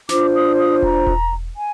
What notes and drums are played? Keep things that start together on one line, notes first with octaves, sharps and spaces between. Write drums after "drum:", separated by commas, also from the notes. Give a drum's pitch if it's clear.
D4 F4 C5 D6, drum: snare
D#6
D#6
A#5, drum: kick E1
drum: kick E1
G#5